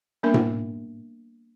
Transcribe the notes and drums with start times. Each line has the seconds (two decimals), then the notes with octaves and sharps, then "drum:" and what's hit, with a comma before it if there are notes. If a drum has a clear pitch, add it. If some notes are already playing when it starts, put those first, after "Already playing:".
0.23 G3 A#3 B3 D4 A#4 E5
0.34 drum: tom A2